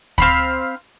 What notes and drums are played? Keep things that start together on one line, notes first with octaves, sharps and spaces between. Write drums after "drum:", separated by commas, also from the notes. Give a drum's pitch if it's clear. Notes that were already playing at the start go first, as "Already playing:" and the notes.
C4 F5 B5, drum: kick D2